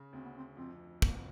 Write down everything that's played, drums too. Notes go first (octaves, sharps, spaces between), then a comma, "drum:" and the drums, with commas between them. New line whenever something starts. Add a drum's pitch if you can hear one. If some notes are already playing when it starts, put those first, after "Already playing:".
Already playing: C#3
D2 C4
B3
C4
F2 C4
F#1 A#3, drum: kick